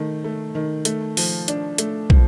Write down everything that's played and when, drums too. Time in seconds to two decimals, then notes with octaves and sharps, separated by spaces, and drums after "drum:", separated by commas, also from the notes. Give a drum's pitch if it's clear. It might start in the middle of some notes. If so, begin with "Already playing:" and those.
Already playing: D#3 A3
0.24 A3
0.55 D#3
0.85 A3, drum: hi-hat
1.17 F3, drum: open hi-hat
1.48 D4, drum: hi-hat
1.78 A3, drum: hi-hat
2.10 F3, drum: kick